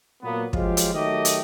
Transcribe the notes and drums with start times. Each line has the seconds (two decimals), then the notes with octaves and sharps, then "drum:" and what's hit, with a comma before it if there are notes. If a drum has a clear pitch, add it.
0.22 A#2 F#3 A#3 B3
0.53 F3 F#3 G#3 F4 G4, drum: kick
0.77 drum: hi-hat
0.94 D#3 F#3 A3 G4 D#5
1.25 drum: hi-hat